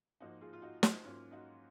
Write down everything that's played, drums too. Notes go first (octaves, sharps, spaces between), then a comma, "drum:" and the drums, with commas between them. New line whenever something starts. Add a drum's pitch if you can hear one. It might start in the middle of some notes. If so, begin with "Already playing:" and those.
G#2 F3 A#3 D#4 F#4
F4 G#4
F4
D#4 F#4
D#4 F#4, drum: snare
G#2 F#3 A#3 C#4 F4
D#4 F#4